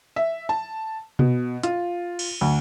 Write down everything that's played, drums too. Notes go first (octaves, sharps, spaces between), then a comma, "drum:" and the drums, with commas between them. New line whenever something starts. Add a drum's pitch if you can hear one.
E5
A5
B2, drum: tom B2
F4, drum: hi-hat
drum: cymbal
D2